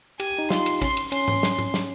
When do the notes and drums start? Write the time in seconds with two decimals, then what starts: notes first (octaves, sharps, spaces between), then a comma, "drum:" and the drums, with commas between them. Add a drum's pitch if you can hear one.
0.20 G4 G#5, drum: cymbal
0.39 D#4
0.50 F4 C6, drum: snare
0.66 drum: cymbal
0.81 C#4 C6, drum: kick, cymbal
0.97 drum: cymbal
1.12 C#4 C6, drum: cymbal
1.28 drum: tom G#2
1.43 drum: snare
1.59 drum: tom G#2
1.74 drum: snare